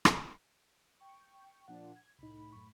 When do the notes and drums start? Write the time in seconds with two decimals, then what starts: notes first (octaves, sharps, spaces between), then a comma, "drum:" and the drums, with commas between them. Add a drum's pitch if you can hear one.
0.05 drum: rim click
1.00 G5 C#6
1.68 A#2 F3 D4 F#5
1.95 G#6
2.19 C2 A2 D#4 B5
2.53 F#2 C#6